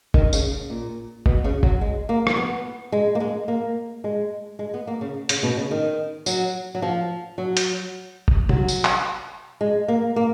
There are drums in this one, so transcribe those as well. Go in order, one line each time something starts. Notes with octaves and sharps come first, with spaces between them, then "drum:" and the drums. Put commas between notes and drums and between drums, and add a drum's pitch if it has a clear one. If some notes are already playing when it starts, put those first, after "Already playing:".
D#3, drum: kick G1
C#3, drum: tambourine
C#3
A#2
B2, drum: kick G1
C#3
F#3, drum: kick G1
G#3
A#3
drum: rim click
B3
G#3
A#3
G#3
A#3
G#3
G#3
B3
A#3
C#3
C#3, drum: hi-hat
B2
C#3
D#3
F#3, drum: tambourine
F#3
F3
F#3
drum: hi-hat
drum: kick G1
F#3, drum: tom
drum: tambourine
drum: clap
G#3
A#3
A#3